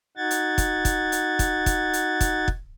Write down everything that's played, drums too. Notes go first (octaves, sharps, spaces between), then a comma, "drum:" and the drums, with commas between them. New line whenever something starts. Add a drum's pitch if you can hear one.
D#4 F#4 F#5 G#6 A6
drum: hi-hat
drum: kick, hi-hat
drum: kick, hi-hat
drum: hi-hat
drum: kick, hi-hat
drum: kick, hi-hat
drum: hi-hat
drum: kick, hi-hat
drum: kick